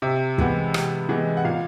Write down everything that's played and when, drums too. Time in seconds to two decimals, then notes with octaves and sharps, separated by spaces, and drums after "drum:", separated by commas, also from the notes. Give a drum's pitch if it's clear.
0.02 C3 E5
0.38 E3 G#3 B3, drum: kick
0.74 C3, drum: rim click
1.09 E3 G#3 B3
1.37 F#5
1.45 A#2 F5